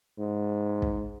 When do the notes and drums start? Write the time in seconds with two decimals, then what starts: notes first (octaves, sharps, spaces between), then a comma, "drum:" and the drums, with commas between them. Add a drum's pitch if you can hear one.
0.18 G#2
0.82 drum: kick